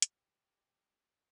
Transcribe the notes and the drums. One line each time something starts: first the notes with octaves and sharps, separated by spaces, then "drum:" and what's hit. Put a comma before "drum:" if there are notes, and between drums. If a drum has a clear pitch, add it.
drum: hi-hat
G4